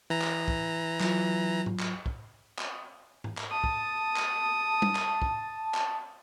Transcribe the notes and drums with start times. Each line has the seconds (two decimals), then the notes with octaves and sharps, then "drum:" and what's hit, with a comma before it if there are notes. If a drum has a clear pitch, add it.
0.10 E3 A#5
0.21 drum: clap
0.48 drum: kick
1.00 F#3 F4, drum: clap
1.66 drum: tom G#2
1.79 drum: clap
2.06 drum: kick
2.58 drum: clap
3.24 drum: tom G#2
3.37 drum: clap
3.51 A5 D#6
3.64 drum: kick
4.16 drum: clap
4.82 drum: tom G3
4.95 drum: clap
5.22 drum: kick
5.74 drum: clap